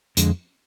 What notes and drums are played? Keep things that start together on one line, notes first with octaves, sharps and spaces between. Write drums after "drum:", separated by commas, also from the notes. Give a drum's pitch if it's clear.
F2 D3 G#3, drum: hi-hat